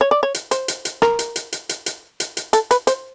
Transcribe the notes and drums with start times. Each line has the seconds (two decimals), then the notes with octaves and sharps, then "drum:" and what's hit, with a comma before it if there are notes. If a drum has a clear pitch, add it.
0.01 C#5
0.11 D5
0.23 C#5
0.34 drum: hi-hat
0.51 C5, drum: hi-hat
0.68 drum: hi-hat
0.85 drum: hi-hat
1.02 A#4, drum: rim click
1.19 drum: hi-hat
1.36 drum: hi-hat
1.52 drum: hi-hat
1.69 drum: hi-hat
1.86 drum: hi-hat
2.20 drum: hi-hat
2.37 drum: hi-hat
2.53 A4, drum: hi-hat
2.71 B4, drum: hi-hat
2.87 C5, drum: hi-hat